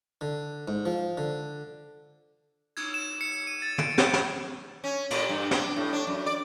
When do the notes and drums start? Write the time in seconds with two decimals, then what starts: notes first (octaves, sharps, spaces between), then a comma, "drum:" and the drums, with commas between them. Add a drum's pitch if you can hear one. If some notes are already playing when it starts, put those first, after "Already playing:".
0.21 D3
0.68 G#2
0.86 F3
1.18 D3
2.77 G#6, drum: cymbal
2.94 E7
3.21 C#7
3.47 D#7
3.62 A6
3.78 D7, drum: tom
3.98 G6, drum: snare
4.13 drum: snare
4.84 C#4
5.11 A#2, drum: cymbal
5.29 G2
5.51 D4, drum: snare
5.76 A2
5.93 D4
6.07 F#2
6.26 D5